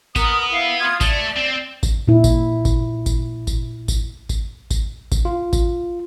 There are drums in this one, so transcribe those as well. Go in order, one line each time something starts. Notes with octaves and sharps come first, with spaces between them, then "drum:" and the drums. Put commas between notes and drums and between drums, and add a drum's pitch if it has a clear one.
B3 A#4 D#6, drum: kick G#1, tambourine
E4 F5
F4 D#6 G#6
A3 D5, drum: kick G#1, tambourine
C4
drum: kick G#1, tambourine
A#2 E4
drum: kick G#1, tambourine
drum: kick G#1, tambourine
drum: kick G#1, tambourine
drum: kick G#1, tambourine
drum: kick G#1, tambourine
drum: kick G#1, tambourine
drum: kick G#1, tambourine
drum: kick G#1, tambourine
F4
drum: kick G#1, tambourine